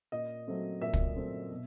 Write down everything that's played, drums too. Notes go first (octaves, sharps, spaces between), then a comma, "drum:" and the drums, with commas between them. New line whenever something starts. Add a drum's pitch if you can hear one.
A#2 D#5
F#3 A3 C4
A#2 E5
drum: kick
F#3 A3 C4
B2